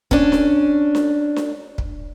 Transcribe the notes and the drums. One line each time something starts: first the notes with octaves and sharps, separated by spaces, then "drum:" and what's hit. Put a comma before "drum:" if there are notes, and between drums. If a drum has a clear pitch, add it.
C#4 D4, drum: kick
drum: snare D4
drum: snare D4
drum: snare D4
drum: kick